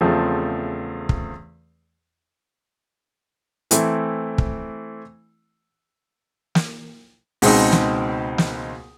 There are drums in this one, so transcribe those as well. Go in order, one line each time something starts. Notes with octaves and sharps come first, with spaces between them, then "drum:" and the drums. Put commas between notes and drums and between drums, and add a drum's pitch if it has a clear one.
E2 C#3 F3 A3 C4
drum: kick
E3 A3 C4 E4, drum: hi-hat
drum: kick
drum: snare
C#2 B2 G#3 C4 D#4, drum: open hi-hat
drum: snare
drum: snare